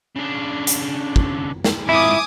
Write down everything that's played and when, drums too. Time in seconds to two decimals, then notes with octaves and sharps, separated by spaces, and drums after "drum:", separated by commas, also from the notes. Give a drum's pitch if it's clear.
0.16 C#3 D4
0.67 drum: hi-hat
1.16 drum: kick
1.64 drum: snare
1.89 F2 G#2 E4 G#5 D6 D#6